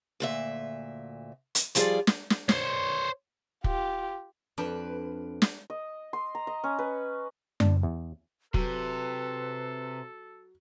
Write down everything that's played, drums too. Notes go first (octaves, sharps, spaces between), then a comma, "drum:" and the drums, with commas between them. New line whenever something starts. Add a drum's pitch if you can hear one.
D2 A#2 E5
drum: hi-hat
F3 G3 F4 G#4 D5, drum: hi-hat
drum: snare
drum: snare
C5 C#5, drum: snare
F4 G4, drum: kick
F2 D4 B4
drum: snare
D#5
C6
A#5
D#5
C#4
B4
D4, drum: tom F#2
E2
C3 F#3 A4 B4, drum: kick